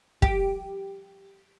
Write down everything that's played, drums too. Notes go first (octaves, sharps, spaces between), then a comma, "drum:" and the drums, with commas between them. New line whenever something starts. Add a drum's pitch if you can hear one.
G4, drum: kick